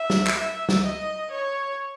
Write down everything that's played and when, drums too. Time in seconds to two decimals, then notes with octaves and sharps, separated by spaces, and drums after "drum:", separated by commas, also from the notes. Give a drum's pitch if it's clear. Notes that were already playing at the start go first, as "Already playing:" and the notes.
Already playing: E5
0.10 drum: snare
0.27 drum: clap
0.39 E5
0.69 drum: snare
0.86 D#5
1.31 C#5